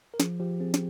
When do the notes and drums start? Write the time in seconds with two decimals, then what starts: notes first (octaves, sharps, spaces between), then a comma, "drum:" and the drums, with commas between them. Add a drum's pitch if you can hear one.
0.14 A#4
0.20 F3 G#4, drum: snare
0.40 F3 G4
0.60 C4 G#4
0.74 drum: snare